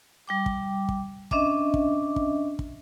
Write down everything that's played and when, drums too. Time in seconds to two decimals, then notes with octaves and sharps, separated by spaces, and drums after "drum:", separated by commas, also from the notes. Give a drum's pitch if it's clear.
0.27 G3 G5 D6
0.46 drum: kick
0.89 drum: kick
1.31 C#4 D4 D#5 E5 D6, drum: kick
1.74 drum: kick
2.16 drum: kick
2.59 drum: kick